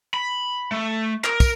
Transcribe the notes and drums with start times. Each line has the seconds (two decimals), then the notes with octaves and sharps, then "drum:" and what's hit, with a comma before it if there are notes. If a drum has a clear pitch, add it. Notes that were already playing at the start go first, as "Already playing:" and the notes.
0.14 B5
0.72 A3
1.24 A#4, drum: clap
1.40 drum: kick, tambourine